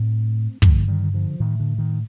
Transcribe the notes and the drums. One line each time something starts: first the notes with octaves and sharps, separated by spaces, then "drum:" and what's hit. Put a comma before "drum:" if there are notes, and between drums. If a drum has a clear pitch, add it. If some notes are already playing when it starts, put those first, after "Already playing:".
Already playing: A2 A3 C4
G2 D3 F3 A3, drum: kick
D#3 G3
D3 F3
A2 D#3
D3
D#3